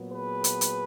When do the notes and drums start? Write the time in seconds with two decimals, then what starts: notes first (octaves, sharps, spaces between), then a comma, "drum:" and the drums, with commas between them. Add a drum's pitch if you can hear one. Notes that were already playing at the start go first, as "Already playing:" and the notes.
Already playing: A#2 F#3 B3
0.10 G#4 B4
0.44 drum: hi-hat
0.61 drum: hi-hat